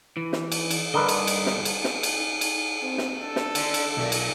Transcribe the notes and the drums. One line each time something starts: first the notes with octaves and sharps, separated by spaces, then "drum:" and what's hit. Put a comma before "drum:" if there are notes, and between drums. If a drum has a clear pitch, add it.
E3
drum: snare
drum: cymbal
drum: cymbal
G2 D3 A#4 B4 D#5
drum: cymbal
drum: cymbal
drum: snare
drum: cymbal
drum: snare
drum: cymbal
drum: cymbal
C4
drum: snare
D4 A4
drum: snare
D3, drum: cymbal
drum: cymbal
B1 A#2 A3 A#3
drum: cymbal